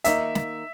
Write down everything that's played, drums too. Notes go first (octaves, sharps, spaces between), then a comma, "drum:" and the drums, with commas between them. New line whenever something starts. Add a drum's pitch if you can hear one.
D#3 A#3 D#4 E5, drum: hi-hat
drum: snare